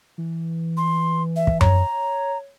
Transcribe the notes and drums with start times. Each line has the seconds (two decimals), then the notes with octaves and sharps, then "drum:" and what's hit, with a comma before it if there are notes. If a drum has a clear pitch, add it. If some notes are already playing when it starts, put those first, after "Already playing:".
0.18 E3
0.77 C6
1.36 E5
1.47 drum: kick
1.61 C#5 A#5, drum: tom F#2